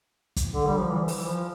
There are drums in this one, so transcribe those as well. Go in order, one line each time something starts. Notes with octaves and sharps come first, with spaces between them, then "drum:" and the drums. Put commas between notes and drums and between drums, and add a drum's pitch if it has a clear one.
drum: kick, hi-hat
D3
G3
F3
E3
drum: open hi-hat
E3
F3